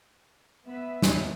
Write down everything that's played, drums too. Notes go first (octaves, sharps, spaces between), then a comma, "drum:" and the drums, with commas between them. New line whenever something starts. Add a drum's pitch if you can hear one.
B3 B4 E5
D#2, drum: snare